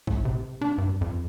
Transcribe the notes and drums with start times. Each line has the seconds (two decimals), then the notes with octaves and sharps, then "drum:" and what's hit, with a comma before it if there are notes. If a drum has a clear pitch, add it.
0.07 A2, drum: kick
0.25 C3
0.61 D4, drum: tom
0.78 G2
1.01 F2